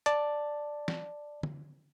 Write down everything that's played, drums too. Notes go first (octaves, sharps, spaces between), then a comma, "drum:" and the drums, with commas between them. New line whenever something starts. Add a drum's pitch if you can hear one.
D5 A5, drum: hi-hat
drum: snare
drum: tom